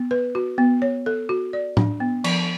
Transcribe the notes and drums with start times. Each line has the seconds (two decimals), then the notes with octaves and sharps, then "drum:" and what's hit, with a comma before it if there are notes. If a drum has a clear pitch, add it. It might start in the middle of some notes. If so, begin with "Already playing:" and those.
Already playing: B3
0.11 B4
0.35 F#4
0.58 B3
0.82 C#5
1.06 A4
1.29 F#4
1.53 D5
1.77 D4, drum: tom A2
2.00 B3
2.24 F3, drum: cymbal